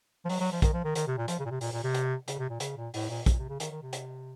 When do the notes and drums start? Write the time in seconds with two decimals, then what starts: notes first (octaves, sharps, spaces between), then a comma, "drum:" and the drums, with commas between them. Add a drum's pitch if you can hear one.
0.25 F3
0.29 F#3, drum: open hi-hat
0.40 F#3
0.52 F3
0.62 D#3, drum: kick, hi-hat
0.73 F3
0.84 D#3
0.95 D#3, drum: hi-hat
1.07 C3
1.18 A#2
1.28 F3, drum: hi-hat
1.39 C#3
1.45 A#2
1.51 C3
1.61 A#2, drum: open hi-hat
1.73 A#2
1.83 C3
1.95 drum: hi-hat
2.28 C#3, drum: hi-hat
2.39 C3
2.49 A#2
2.60 C#3, drum: hi-hat
2.77 A#2
2.94 A2, drum: open hi-hat
3.10 A#2
3.26 C3, drum: kick, hi-hat
3.33 A#2
3.38 C3
3.49 C#3
3.60 D#3, drum: hi-hat
3.71 D#3
3.82 C3
3.93 drum: hi-hat